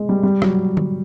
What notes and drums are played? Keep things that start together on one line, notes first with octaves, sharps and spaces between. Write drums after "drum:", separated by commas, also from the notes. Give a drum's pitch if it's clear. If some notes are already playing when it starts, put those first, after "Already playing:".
Already playing: G#3
G3
G3
F#3, drum: rim click
drum: tom D3